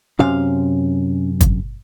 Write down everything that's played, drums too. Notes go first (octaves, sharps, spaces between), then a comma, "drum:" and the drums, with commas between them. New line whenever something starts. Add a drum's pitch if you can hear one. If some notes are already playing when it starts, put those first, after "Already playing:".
F#2 C3 C#4 F5
drum: kick G1, hi-hat